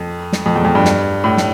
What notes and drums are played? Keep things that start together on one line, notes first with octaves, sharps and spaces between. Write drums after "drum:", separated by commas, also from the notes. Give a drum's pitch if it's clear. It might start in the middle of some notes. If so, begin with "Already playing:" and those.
Already playing: F2
drum: snare
F2
E2
F2
G2
drum: snare
A2
drum: snare